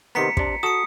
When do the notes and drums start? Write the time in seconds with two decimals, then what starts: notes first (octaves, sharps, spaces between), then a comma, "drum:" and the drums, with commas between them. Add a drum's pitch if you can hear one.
0.15 C3 D#3 B3 A#5 B6 C#7
0.37 C3 D4, drum: kick
0.63 F#4 A4 D#6 C#7